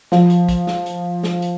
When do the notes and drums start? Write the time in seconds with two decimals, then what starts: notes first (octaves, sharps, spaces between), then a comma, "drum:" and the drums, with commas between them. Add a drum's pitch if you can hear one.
0.12 F3, drum: snare
0.30 drum: hi-hat
0.49 drum: kick, hi-hat
0.67 drum: snare
0.86 drum: hi-hat
1.24 drum: snare
1.42 drum: hi-hat